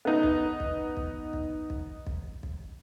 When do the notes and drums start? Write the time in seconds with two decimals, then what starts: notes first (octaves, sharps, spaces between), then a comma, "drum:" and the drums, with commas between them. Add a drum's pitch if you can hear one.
0.05 B3 D#4
0.23 drum: kick
0.60 drum: kick
0.97 drum: kick
1.33 drum: kick
1.70 drum: kick
2.07 drum: kick
2.43 drum: kick